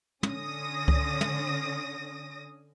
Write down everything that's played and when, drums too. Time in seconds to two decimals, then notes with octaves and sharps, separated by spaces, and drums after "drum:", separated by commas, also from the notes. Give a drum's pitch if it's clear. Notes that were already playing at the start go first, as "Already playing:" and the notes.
0.23 D3 C#4 D#6 A#6, drum: tom
0.88 drum: kick C#2
1.21 drum: tom